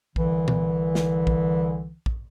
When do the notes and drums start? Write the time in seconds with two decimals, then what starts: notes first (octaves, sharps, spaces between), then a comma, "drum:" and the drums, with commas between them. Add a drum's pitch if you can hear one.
0.16 C2 D3 E3, drum: kick A#1
0.48 drum: tom A#2
0.95 drum: snare
1.27 drum: kick A#1
2.06 drum: kick A#1